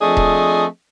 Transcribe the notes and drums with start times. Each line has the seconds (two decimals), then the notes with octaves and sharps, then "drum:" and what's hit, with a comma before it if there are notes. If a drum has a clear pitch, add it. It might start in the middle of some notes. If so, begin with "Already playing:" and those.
0.01 F3 A3 C4 D4 G#4 D#5
0.17 drum: kick D#1